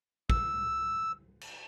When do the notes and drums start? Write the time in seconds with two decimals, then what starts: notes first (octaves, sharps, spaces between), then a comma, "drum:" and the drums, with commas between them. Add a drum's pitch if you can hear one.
0.30 E6, drum: kick
1.41 drum: cymbal